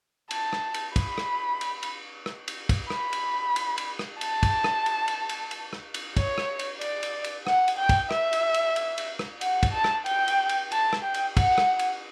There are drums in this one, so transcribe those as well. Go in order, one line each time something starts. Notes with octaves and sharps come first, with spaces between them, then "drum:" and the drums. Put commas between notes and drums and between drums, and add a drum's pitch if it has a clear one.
A5, drum: cymbal
drum: rim click
drum: cymbal
B5, drum: kick, cymbal
drum: rim click
drum: cymbal
drum: cymbal
drum: rim click
drum: cymbal
drum: kick, cymbal
B5, drum: rim click
drum: cymbal
drum: cymbal
drum: cymbal
drum: rim click
A5, drum: cymbal
drum: kick, cymbal
drum: rim click
drum: cymbal
drum: cymbal
drum: cymbal
drum: cymbal
drum: rim click
drum: cymbal
C#5, drum: kick, cymbal
drum: rim click
drum: cymbal
D5, drum: cymbal
drum: cymbal
drum: cymbal
F#5, drum: rim click
drum: cymbal
G5
drum: kick, cymbal
E5, drum: rim click
drum: cymbal
drum: cymbal
drum: cymbal
drum: cymbal
drum: rim click
F#5, drum: cymbal
drum: kick, cymbal
A5
drum: rim click
G5, drum: cymbal
drum: cymbal
drum: cymbal
A5, drum: cymbal
drum: rim click
G5
drum: cymbal
F#5, drum: kick, cymbal
drum: rim click
drum: cymbal